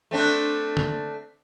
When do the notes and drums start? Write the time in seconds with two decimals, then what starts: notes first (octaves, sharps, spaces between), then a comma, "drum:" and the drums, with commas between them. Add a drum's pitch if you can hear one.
0.11 A3 C4 D4
0.77 drum: tom D3